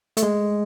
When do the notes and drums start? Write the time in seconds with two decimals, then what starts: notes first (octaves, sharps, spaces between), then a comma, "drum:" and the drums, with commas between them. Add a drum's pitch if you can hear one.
0.17 A3, drum: hi-hat
0.23 G#3